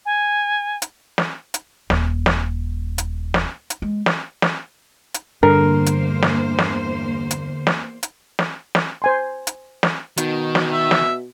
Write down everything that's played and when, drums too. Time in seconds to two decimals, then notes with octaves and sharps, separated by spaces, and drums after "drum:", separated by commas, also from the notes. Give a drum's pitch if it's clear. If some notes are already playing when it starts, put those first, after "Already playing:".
0.06 G#5
0.82 drum: hi-hat
1.18 drum: snare
1.54 drum: hi-hat
1.90 D#1, drum: snare
2.26 drum: snare
2.98 drum: hi-hat
3.34 drum: snare
3.70 drum: hi-hat
3.82 G#3
4.06 drum: snare
4.42 drum: snare
5.14 drum: hi-hat
5.43 E2 G2 D3 A#3 A#4 C5
5.86 drum: hi-hat
6.22 drum: snare
6.59 drum: snare
7.31 drum: hi-hat
7.67 drum: snare
8.03 drum: hi-hat
8.39 drum: snare
8.75 drum: snare
9.02 C5 G#5 C6
9.47 drum: hi-hat
9.83 drum: snare
10.17 B2 D#3, drum: hi-hat
10.55 drum: snare
10.72 E5
10.91 drum: snare